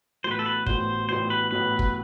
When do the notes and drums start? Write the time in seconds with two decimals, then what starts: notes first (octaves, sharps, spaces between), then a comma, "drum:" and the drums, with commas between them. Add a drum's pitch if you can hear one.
0.24 A1 A2 F#3 B3 F#4 C5
0.31 B4
0.39 A4
0.46 B4
0.66 A1 A2 F#3 B3 F#4 C5, drum: kick
1.08 A1 A2 F#3 B3 F#4 C5
1.30 B4
1.51 A1 A2 F#3 B3 F#4 B4
1.79 drum: kick